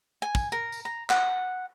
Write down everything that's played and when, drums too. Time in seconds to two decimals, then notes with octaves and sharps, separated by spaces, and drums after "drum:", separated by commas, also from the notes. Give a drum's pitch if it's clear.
0.22 G#5
0.35 drum: kick, tambourine
0.52 A#4
0.72 drum: tambourine
0.85 A#5
1.10 F#5, drum: clap